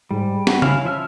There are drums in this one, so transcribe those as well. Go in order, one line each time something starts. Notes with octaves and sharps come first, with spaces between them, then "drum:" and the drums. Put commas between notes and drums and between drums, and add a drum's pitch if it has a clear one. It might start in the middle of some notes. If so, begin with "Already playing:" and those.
G#2 G3
F#4, drum: snare
C#4 E4 F5, drum: tom C#3
F3 E5 F6